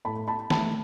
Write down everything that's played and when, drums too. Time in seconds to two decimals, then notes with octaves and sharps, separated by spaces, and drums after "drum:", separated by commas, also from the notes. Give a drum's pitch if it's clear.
0.05 A2 A5 B5
0.28 A5 B5
0.50 E3 A3 A5 B5, drum: snare